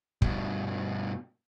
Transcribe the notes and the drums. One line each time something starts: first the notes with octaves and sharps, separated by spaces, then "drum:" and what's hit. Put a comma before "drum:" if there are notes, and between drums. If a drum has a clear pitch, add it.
G2 B2, drum: kick